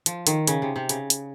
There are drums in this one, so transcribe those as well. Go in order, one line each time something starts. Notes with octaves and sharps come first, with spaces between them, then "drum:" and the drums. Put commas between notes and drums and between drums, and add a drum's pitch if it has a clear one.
F3, drum: hi-hat
D#3, drum: hi-hat
C#3, drum: hi-hat
C3
C3
C#3, drum: hi-hat
drum: hi-hat